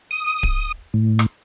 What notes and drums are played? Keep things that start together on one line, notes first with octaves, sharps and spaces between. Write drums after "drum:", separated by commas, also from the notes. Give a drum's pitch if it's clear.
D#6
drum: kick D1
A2
drum: rim click